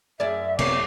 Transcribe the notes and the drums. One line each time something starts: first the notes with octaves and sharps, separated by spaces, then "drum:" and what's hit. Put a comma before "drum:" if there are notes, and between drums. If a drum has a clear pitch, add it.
F#2 G#4 D5 E5
C3 A#3 B3 C#5 D6, drum: cymbal